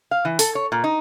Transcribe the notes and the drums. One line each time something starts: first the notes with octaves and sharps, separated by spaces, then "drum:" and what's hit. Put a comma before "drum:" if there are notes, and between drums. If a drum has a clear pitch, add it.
F5
E3
A4, drum: open hi-hat
C#5
A#2
D#4